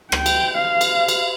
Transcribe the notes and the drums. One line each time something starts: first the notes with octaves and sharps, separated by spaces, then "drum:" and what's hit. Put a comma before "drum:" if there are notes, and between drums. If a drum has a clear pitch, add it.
G5, drum: rim click
drum: cymbal
F5
drum: cymbal
drum: cymbal